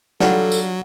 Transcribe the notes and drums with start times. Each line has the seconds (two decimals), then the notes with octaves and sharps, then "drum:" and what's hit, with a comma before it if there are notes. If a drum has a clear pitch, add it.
0.20 F#3 G3 D4 F4 A4 F#5, drum: snare
0.52 drum: tambourine